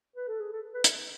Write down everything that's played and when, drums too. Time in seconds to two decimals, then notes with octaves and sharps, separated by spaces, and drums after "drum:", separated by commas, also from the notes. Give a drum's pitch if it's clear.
0.16 B4
0.28 A4
0.40 G#4
0.52 A4
0.74 B4
0.84 drum: hi-hat